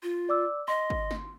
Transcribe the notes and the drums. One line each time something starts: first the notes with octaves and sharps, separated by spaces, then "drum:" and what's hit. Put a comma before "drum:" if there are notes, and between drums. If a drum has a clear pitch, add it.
F4
D5 D6 E6
D#5 C6
drum: kick
drum: snare